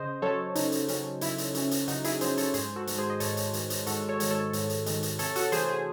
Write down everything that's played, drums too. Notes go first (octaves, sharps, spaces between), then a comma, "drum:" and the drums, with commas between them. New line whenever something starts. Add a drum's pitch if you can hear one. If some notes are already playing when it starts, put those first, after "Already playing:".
Already playing: C#3 C5 D#5
F#3 C#4 A4 C#5
C#3 D#4, drum: hi-hat
drum: hi-hat
F#3 C#4, drum: hi-hat
C#3 E4, drum: hi-hat
drum: hi-hat
F#3 C#4, drum: hi-hat
drum: hi-hat
C#3 D#4 F#4, drum: hi-hat
E4 G#4, drum: hi-hat
F#3 C#4 G#4 C5, drum: hi-hat
A4 C#5, drum: hi-hat
G#2 G#4 C5, drum: hi-hat
F#4 A4
D#3 G#3, drum: hi-hat
G#4 C5
D#5
G#2 A4 C#5, drum: hi-hat
drum: hi-hat
D#3 G#3, drum: hi-hat
drum: hi-hat
G#2 F#4 A4, drum: hi-hat
A4 C#5
D#3 G#3, drum: hi-hat
A4 C#5
G#2, drum: hi-hat
drum: hi-hat
D#3 G#3, drum: hi-hat
drum: hi-hat
C3 A4 C#5, drum: hi-hat
F#4 A4, drum: hi-hat
E3 A3 G#4 C5, drum: hi-hat
G#4 C5